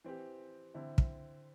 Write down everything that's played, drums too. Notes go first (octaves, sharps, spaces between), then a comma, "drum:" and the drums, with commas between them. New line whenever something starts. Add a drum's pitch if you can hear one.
E3 C4 G4
D3 C4 E4
drum: kick